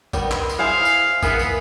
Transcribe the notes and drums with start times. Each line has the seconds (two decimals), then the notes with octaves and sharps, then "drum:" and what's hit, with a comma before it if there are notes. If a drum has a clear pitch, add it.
0.13 D#3 G3 B3, drum: kick, tambourine
0.31 drum: clap
0.49 drum: tambourine
0.59 E4 G#4 C5 F5
0.85 drum: tambourine
1.23 A#3 B3 E4 G#4, drum: kick, tambourine
1.39 drum: tambourine